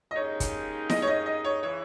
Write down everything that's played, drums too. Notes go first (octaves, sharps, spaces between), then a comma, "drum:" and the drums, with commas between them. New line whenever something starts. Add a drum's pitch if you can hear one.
D#5
D#2 C#3 G#3 D#4 C#5
drum: kick, hi-hat
D#5, drum: snare E4
C#5
D#5
D#5
C#5
C#3 E3 C#5